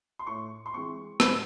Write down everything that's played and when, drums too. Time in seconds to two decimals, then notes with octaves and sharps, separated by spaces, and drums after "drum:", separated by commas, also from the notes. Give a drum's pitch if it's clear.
0.19 C6
0.27 A2 C#6
0.66 C6
0.74 E3 G#3 C4 C#6
1.20 A2 B5, drum: rim click